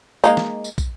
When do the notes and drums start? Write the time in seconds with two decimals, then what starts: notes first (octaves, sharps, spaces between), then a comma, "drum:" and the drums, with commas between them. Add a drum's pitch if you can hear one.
0.24 G#3 A#3 D#4, drum: tambourine
0.37 drum: snare
0.64 drum: tambourine
0.78 drum: kick, tambourine